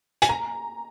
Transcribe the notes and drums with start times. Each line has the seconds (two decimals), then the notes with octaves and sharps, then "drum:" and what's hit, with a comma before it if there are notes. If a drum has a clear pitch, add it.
0.22 G#5, drum: hi-hat
0.29 A#5